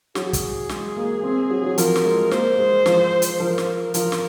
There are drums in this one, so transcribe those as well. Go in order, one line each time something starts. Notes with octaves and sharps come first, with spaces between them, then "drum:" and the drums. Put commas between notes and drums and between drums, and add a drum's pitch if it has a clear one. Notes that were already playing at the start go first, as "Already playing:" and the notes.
F#3 G#4, drum: snare
drum: kick, hi-hat
G#3, drum: snare
A#3
C4
F#3
F#3
F3 A#4, drum: hi-hat
drum: snare
G#3
A#3 C5, drum: snare
G#3
F3, drum: snare
drum: hi-hat
F3 A#4
drum: snare
F3 A#4, drum: hi-hat
drum: snare